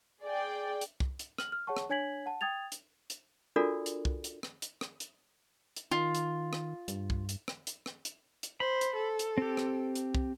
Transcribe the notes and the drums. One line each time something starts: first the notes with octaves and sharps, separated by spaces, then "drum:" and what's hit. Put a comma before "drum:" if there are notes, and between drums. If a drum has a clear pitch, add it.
G#4 D5 G5
drum: hi-hat
drum: kick
drum: hi-hat
F6 F#7, drum: rim click
F6
G#4 C#5 F#5 A5 C#6
drum: rim click
D4 C#5 G#5 G#6 B6 F#7
F#5 A5
G5 D#6 G#6 A6 F7
drum: hi-hat
drum: hi-hat
D4 F4 F#4 A4 A#4 D5
drum: hi-hat
drum: kick
drum: hi-hat
drum: rim click
drum: hi-hat
drum: rim click
drum: hi-hat
drum: hi-hat
D#3 F4
drum: hi-hat
drum: rim click
G2, drum: hi-hat
drum: kick
drum: hi-hat
drum: rim click
drum: hi-hat
drum: rim click
drum: hi-hat
drum: hi-hat
C5 B5
drum: hi-hat
A4
drum: hi-hat
C4 G4
drum: rim click
drum: hi-hat
drum: kick